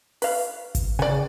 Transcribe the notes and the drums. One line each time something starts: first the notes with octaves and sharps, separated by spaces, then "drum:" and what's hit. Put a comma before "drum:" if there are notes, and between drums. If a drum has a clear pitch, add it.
B4 F5, drum: open hi-hat
drum: kick G#1, hi-hat
C#3 D5 G#5